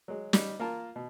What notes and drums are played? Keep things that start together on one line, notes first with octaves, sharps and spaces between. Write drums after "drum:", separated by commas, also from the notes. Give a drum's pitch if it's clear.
F#3 G#3
G3 D#4, drum: snare
A#3 F4 A#4 A5
B2